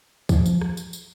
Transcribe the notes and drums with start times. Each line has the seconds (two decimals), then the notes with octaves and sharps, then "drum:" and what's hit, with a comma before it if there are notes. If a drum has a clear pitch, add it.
0.29 F3, drum: kick, tambourine
0.46 drum: tambourine
0.61 drum: rim click
0.77 drum: tambourine
0.93 drum: tambourine